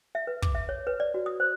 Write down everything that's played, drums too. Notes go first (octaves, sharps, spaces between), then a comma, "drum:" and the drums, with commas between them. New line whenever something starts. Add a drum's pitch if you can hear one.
E5
B4
D6, drum: kick
E5
C#5
B4
D5
F#4
D#6
C5